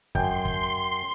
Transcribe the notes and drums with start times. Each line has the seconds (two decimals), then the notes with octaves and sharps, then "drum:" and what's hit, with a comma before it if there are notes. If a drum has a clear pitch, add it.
0.15 F#2 G5 G#5 C6 G6, drum: kick
0.45 drum: kick